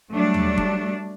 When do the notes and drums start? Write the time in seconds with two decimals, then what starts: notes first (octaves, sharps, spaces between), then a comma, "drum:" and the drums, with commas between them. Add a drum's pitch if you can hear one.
0.11 F#3 G3 A3 D4
0.34 drum: tom
0.58 drum: kick